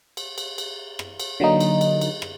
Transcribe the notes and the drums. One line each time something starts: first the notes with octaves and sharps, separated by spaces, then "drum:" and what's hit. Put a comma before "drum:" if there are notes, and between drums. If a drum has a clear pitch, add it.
drum: cymbal
drum: cymbal
drum: cymbal
drum: rim click
drum: cymbal
D3 F#3 A#3 D#4
drum: cymbal
drum: cymbal
drum: cymbal
drum: rim click